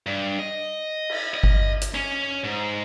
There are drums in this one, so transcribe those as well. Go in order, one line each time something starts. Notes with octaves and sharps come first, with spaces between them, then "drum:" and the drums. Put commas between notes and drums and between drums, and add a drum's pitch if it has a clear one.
G2
D#5
drum: cymbal
D#5
drum: kick G1
drum: hi-hat
C#4
G#2